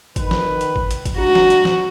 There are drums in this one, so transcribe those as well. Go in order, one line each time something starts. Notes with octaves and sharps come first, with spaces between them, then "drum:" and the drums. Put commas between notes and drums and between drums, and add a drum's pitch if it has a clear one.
D#3 B4, drum: kick G#1, hi-hat
drum: snare
drum: hi-hat
drum: kick G#1
drum: hi-hat
drum: kick G#1, hi-hat
D4 F#4 A#5
drum: snare
drum: hi-hat
drum: snare